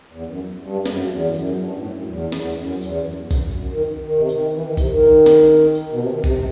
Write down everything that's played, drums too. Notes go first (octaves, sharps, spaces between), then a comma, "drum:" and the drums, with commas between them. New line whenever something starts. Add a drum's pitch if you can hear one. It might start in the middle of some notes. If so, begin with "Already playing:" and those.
E2
F#2
G2
F#2, drum: snare
E2
G2
F#2, drum: tambourine
G2
A2
F#2
E2
E2, drum: snare
F#2
E2, drum: tambourine
F#2
E2
F#2, drum: kick B1, tambourine
F#2
F#2
D#3
D#3
C3
D#3, drum: tambourine
E3
D#3
C3, drum: kick B1, tambourine
D#3
drum: snare
drum: tambourine
B2
C3
D#3
C3, drum: kick B1, tambourine
C3